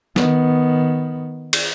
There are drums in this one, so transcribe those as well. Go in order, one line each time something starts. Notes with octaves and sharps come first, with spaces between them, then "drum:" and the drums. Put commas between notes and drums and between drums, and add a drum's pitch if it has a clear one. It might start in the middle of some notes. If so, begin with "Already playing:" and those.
D#3 B3, drum: snare
drum: cymbal